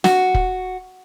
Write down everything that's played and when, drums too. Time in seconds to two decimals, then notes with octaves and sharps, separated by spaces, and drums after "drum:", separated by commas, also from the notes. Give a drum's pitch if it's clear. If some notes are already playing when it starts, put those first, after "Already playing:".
0.04 F#4, drum: snare
0.34 drum: kick